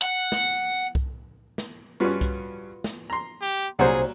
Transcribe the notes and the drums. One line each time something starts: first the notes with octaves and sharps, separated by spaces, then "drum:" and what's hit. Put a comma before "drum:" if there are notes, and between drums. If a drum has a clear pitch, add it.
F#5
drum: snare
drum: kick C2
drum: snare
G2 C#4 F4 F#4 B4
drum: kick C2, hi-hat
drum: snare
A#5 C6
G4
C2 A#2 F#3 G3 D#4 G#4 C5 F#5